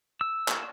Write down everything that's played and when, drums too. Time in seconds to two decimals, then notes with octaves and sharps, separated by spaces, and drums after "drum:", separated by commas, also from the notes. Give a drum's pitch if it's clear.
0.21 E6
0.48 drum: clap